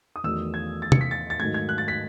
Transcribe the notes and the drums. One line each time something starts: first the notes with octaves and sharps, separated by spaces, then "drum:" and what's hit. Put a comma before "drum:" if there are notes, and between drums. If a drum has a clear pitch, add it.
D#6
E2 D#3 F#3 A3 E6
G#6
A6
C#7, drum: tom
B6
A6
A6
G#2 D#3 F#3 A3 G#6
G#6
F#6
A6
B6